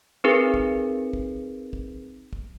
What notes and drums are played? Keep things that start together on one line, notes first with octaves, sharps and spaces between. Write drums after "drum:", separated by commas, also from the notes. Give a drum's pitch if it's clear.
C4 D#4 G#4 A#4 B4
drum: kick
drum: kick
drum: kick
drum: kick